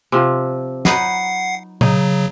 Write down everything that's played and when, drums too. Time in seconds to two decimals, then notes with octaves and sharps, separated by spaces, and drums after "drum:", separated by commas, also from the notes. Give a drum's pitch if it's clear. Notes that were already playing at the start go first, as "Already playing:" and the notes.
0.12 C3 F3
0.85 F#3 D#4 B4 F#5 C7, drum: snare
1.81 C#3 F#3 D#4, drum: tom A#2